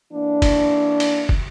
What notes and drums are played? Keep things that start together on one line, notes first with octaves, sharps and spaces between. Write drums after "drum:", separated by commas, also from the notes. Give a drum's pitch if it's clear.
E3 A#3 D4
drum: kick, cymbal
drum: cymbal
drum: kick